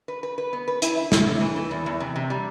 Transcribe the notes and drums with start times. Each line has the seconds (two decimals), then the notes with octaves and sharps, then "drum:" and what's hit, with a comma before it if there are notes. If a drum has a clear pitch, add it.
0.08 B4
0.23 B4
0.38 B4
0.53 B3
0.68 B4
0.82 E4, drum: hi-hat
0.97 E4
1.12 E4, drum: snare
1.26 C3
1.41 E3
1.56 E3
1.71 E2
1.86 E2
2.00 C3
2.16 C3
2.30 G3